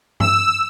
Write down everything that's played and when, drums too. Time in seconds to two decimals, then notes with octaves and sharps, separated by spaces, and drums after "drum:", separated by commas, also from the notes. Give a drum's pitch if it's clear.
0.20 E6, drum: tom G2